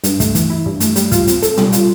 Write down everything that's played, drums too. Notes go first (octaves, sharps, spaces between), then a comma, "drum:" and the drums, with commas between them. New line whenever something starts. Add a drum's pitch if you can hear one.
G2, drum: hi-hat
A3, drum: kick, hi-hat
E3, drum: hi-hat
E4
G2
A3, drum: hi-hat
G3, drum: hi-hat
F4, drum: kick, hi-hat
C4, drum: hi-hat
A4, drum: hi-hat
G3, drum: tom A#2
F4, drum: hi-hat